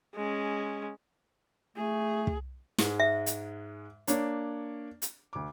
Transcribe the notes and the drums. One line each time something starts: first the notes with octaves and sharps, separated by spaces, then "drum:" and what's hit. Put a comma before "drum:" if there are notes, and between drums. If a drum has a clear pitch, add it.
G#3 C#4
A3 G#4
drum: kick
G#2 G#3, drum: snare
E5
drum: hi-hat
A#3 D4 C#5, drum: hi-hat
drum: hi-hat
D2 D6